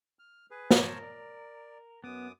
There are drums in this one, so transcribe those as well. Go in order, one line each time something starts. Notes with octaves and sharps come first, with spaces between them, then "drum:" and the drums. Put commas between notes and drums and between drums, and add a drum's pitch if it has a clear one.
F6
G#4 B4
A#4 C5 C#5 A5, drum: snare
D5
F#2 B3 D6 D#6